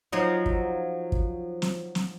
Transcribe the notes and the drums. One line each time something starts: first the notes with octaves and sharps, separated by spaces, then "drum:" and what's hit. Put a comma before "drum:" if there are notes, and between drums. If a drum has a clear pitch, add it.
F3 F#3 D#4
drum: kick
drum: kick
drum: snare
drum: snare